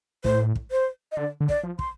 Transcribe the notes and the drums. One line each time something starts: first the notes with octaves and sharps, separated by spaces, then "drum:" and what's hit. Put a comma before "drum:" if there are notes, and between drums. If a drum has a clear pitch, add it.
A2 C5, drum: kick
drum: kick
C5
D#5
D3 D5
D3
D5, drum: kick
F3
C6, drum: kick